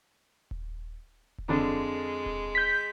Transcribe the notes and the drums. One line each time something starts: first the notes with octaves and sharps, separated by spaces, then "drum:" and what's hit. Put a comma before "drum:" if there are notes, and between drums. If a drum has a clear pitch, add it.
drum: kick D#1
drum: kick D#1
F2 D3 G#3 D4
drum: kick D#1
G6 B6